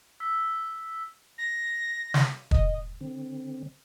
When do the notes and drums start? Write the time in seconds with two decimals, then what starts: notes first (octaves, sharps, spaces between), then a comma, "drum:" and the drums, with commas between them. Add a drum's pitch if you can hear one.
0.20 E6 B6
1.38 A#6
2.14 drum: snare
2.51 D#5, drum: kick
3.01 D3 C4